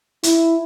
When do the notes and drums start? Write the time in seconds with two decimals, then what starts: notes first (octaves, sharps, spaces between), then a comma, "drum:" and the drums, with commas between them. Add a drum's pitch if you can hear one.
0.23 E4, drum: hi-hat